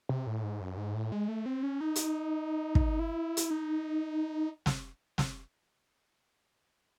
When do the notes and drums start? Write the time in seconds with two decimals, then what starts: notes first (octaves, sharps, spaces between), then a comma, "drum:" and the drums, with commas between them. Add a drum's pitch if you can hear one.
0.09 C3
0.27 A2
0.43 G#2
0.61 F#2
0.77 G#2
0.95 A2
1.12 G#3
1.28 A3
1.46 C4
1.63 C#4
1.81 D#4
1.96 drum: hi-hat
2.75 drum: kick
2.99 E4
3.37 drum: hi-hat
3.50 D#4
4.66 drum: snare
5.18 drum: snare